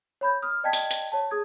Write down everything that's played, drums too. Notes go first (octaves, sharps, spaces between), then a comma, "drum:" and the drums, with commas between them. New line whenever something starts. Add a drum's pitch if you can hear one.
C#5 B5 G6
D#6 F6
D5 D#5 G5 A5 G#6 B6
drum: hi-hat
drum: hi-hat
C#5 A5
G#4 D#6 G#6